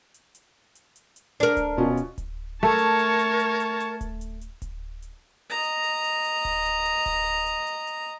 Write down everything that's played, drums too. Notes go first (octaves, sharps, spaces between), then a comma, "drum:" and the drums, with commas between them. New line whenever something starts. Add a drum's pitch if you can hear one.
drum: hi-hat
drum: hi-hat
drum: hi-hat
drum: hi-hat
drum: hi-hat
D4 A#4
drum: kick D1, hi-hat
B2 C#4 F4
drum: hi-hat
drum: kick D1, hi-hat
A3 A#4 C#5 A5
drum: hi-hat
drum: hi-hat
drum: hi-hat
drum: hi-hat
drum: hi-hat
drum: hi-hat
drum: kick D1, hi-hat
drum: hi-hat
drum: hi-hat
drum: kick D1, hi-hat
drum: hi-hat
D#5 A#5
drum: hi-hat
drum: hi-hat
drum: hi-hat
drum: hi-hat
drum: kick D1, hi-hat
drum: hi-hat
drum: hi-hat
drum: kick D1, hi-hat
drum: hi-hat
drum: hi-hat
drum: hi-hat